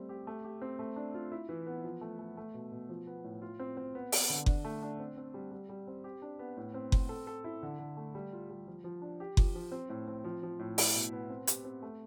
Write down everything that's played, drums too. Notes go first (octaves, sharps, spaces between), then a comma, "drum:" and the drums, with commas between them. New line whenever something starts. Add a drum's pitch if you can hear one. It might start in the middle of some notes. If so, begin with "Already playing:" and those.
Already playing: G3 A3 C4
G4
A3
G4
C4
A3
D4
F4
E4
E3
B3
F3
A3
A3
A3
B2
B2
F3
B3
A2
F4
C4
C4
B3
B3, drum: open hi-hat
D3
D4, drum: kick F#1
A3
D4
C4
C4
G3
G3
G3
C4
G4
D4
B3
A2
C4
C4, drum: kick F#1
A4
A4
E4
D3
D3
A3
G3
F4
G3
F3
F3
D4
G4
F3, drum: kick F#1
F3
C4
A2
C4
F3
F3
A2
E4, drum: open hi-hat
B2
B3
C4
G4, drum: hi-hat
C4
A3